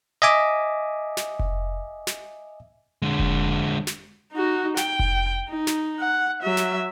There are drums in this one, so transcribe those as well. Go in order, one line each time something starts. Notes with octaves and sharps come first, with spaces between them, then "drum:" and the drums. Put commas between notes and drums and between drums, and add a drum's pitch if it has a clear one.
D#5 E5 G#5 D6
drum: snare
drum: kick F1
drum: snare
D3 G#3
drum: kick F1
drum: snare
D#4 F#4
G5, drum: snare
drum: kick F1
D#4
drum: snare
F#5
F#3 E5
drum: snare